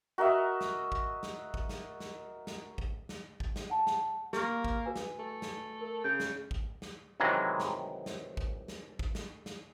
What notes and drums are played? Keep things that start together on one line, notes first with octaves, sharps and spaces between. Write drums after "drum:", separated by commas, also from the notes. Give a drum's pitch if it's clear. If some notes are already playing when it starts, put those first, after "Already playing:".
F#4 A#4 D#5 E5
drum: snare
drum: kick
drum: snare
drum: kick
drum: snare
drum: snare
drum: snare
drum: kick
drum: snare
drum: kick
drum: snare
F#5 A5
drum: snare
A#3 G4 C#6 F6, drum: snare
drum: kick
F#4 B4 G#5
drum: snare
A3
drum: snare
A#4
C#3 G6
drum: snare
drum: kick
drum: snare
C3 D#3 E3 F#3 G#3
drum: snare
drum: snare
drum: kick
drum: snare
drum: kick
drum: snare
drum: snare